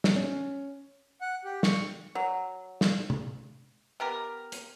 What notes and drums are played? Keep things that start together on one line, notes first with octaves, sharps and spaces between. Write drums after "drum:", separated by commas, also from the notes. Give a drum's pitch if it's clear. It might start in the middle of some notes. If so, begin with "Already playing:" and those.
drum: snare
C#4
F#5
G4
C#6, drum: snare
F#3
drum: snare
drum: tom C3
B3 G4 A#4
drum: hi-hat